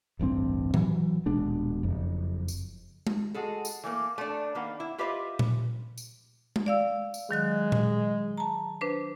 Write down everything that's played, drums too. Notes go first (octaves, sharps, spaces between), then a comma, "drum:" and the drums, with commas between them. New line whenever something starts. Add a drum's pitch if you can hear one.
D1 A1 G2 C4
E3 F#3, drum: tom A2
D#1 B2 G#3 D4
F#1 F2
drum: tambourine
drum: tom G#3
G#3 F#4 G#4 A4
drum: tambourine
E3 A3 A#3
A3 D4
D#3 A#3 B3
E4
F4 G4 B4 C5 D#5 E5
drum: tom A#2
drum: tambourine
drum: tom G#3
D5 F5 E6
drum: tambourine
D#3 F#3 G#3 F#6
drum: tom A#2
A5 A#5
D4 B4 C5